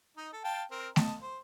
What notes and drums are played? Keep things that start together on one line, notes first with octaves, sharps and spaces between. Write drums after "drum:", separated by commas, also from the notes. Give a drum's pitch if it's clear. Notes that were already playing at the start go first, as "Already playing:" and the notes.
D#4 D#5
A4
F5 G5 A5
C4 A#4
D#5 A5, drum: snare A3
C5